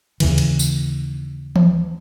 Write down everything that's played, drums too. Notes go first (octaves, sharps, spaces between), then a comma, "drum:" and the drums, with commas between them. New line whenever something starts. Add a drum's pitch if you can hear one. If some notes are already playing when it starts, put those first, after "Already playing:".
D#2 C#3 E3, drum: cymbal
drum: cymbal
drum: tambourine
drum: tom E3